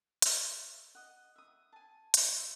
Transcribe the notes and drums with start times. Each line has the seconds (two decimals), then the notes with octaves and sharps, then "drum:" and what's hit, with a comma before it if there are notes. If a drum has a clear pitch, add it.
0.22 D5 E5 F5, drum: hi-hat
0.95 D#5 F#5
1.36 E5 D#6
1.73 G#5 A5
2.14 drum: hi-hat
2.36 E5